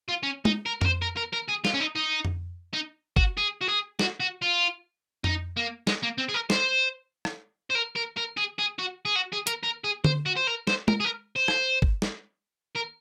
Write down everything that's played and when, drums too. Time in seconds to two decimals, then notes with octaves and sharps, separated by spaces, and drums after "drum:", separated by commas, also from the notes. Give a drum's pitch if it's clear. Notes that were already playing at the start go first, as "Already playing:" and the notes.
0.09 F4
0.23 C#4
0.45 D#4, drum: tom G#3
0.66 A#4
0.81 A#4, drum: tom F2
0.86 C5
1.02 A#4
1.17 A#4
1.33 A#4
1.49 G#4
1.65 F4, drum: snare
1.74 C#4
1.80 D#4
1.96 D#4
2.25 drum: tom F2
2.74 D#4
3.16 F#4, drum: kick
3.37 G#4
3.61 F#4
3.68 G#4
3.99 F#4, drum: snare
4.20 F#4
4.42 F4
5.24 D#4, drum: tom F2
5.57 A#3
5.87 G#3, drum: snare
6.03 A#3
6.18 C4
6.29 G#4
6.34 A#4
6.50 C5, drum: snare
7.25 drum: rim click
7.70 C5
7.75 A#4
7.96 A#4
8.17 A#4
8.37 G#4
8.59 G#4
8.79 F#4
9.05 G#4
9.16 F#4
9.32 G#4
9.47 A#4, drum: hi-hat
9.63 A#4
9.84 G#4
10.04 C5, drum: tom D3
10.26 F#4
10.36 C5
10.47 A#4
10.67 C5, drum: snare
10.88 A#4, drum: tom G#3
11.00 G#4
11.04 A#4
11.36 C5
11.48 drum: rim click
11.82 drum: kick
12.02 drum: snare
12.76 A#4